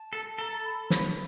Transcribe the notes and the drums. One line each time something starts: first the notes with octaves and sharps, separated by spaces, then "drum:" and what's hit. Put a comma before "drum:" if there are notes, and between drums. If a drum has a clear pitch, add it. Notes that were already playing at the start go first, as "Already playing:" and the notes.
Already playing: A5
A4
A4 A#5
A#5
B5
B5, drum: snare